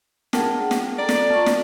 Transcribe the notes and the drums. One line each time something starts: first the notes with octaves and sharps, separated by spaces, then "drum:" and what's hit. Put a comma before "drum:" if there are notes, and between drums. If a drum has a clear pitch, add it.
D4 G#4 A#4 F#5 G5 A5, drum: snare
drum: snare
A4 D5 G5 A#5
drum: snare
F4 A5 C#6
drum: snare